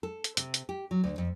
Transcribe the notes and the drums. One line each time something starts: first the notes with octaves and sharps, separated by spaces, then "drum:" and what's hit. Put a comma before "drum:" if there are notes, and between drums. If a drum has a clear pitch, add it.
A4
drum: hi-hat
C3, drum: hi-hat
drum: hi-hat
G4
F#3
D2
F2